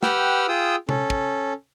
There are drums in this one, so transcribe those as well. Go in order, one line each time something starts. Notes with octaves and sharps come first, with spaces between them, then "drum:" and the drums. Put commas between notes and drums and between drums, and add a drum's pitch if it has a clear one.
G4 B4 F#5 G5 E6 F6, drum: snare
F4 G#4 G5 D#6 E6
C#4 A4, drum: tom C3
drum: kick